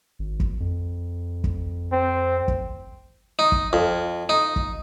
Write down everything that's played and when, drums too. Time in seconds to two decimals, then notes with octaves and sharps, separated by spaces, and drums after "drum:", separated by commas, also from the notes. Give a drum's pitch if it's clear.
0.19 G#1
0.40 drum: kick
0.60 F2
1.44 drum: kick
1.92 C4
2.48 drum: kick
3.39 D#4
3.52 drum: kick
3.73 F2
4.29 D#4
4.56 drum: kick